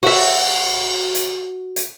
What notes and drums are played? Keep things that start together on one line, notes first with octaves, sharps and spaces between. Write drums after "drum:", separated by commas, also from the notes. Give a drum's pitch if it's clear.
F#4 E5, drum: cymbal
drum: hi-hat
drum: hi-hat